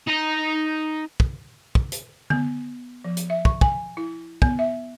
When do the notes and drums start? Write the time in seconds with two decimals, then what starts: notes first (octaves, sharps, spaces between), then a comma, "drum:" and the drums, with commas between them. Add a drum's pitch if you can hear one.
0.07 D#4 A#5
1.20 drum: kick
1.75 drum: kick
1.92 drum: hi-hat
2.30 B3, drum: tom D3
3.04 F3
3.17 drum: hi-hat
3.30 E5
3.45 C#6, drum: kick
3.61 G#5, drum: kick
3.97 E4
4.42 B3, drum: kick
4.59 E5